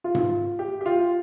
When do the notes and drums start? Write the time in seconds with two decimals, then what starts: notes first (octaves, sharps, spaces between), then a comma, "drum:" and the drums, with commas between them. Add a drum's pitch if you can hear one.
0.04 F4
0.15 drum: tom G#2
0.59 G4
0.81 G4
0.86 F4